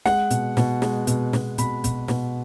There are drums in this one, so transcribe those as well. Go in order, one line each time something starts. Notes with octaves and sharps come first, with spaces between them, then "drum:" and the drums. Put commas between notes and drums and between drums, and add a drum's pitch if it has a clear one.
G#3 F#5, drum: snare
B2, drum: hi-hat
B2, drum: snare
G#3, drum: snare
B2, drum: hi-hat
B2, drum: snare
B2 B5, drum: hi-hat
B2, drum: kick B1, hi-hat
B2, drum: snare